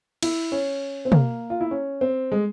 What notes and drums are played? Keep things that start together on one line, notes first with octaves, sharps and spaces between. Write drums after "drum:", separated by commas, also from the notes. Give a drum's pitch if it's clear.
E4, drum: cymbal
C#4
C4
A#3, drum: tom
F4
E4
C#4
C4
G#3